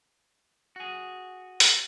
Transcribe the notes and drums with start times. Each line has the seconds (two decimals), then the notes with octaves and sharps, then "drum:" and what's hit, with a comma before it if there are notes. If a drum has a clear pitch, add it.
0.76 F#4 G#4
1.60 drum: hi-hat